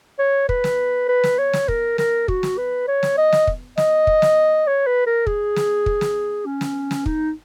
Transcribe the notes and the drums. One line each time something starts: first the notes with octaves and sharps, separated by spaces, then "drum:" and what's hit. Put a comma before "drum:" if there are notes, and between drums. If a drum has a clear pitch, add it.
C#5
B4, drum: kick
drum: snare
B4
drum: snare
C#5
drum: snare
A#4, drum: kick
A#4, drum: snare
F#4, drum: kick
drum: snare
B4
C#5
drum: snare
D#5
drum: snare
drum: kick
D#5, drum: snare
drum: kick
drum: snare
C#5
B4
A#4
G#4, drum: kick
drum: snare
drum: kick
drum: snare
C#4
drum: snare
drum: snare
D#4, drum: kick